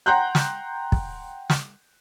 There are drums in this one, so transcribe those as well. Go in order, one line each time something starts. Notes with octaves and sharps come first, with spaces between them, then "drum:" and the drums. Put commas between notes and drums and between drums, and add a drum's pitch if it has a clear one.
F#5 G5 A#5 C6 F#6 G6
drum: snare
drum: kick
drum: snare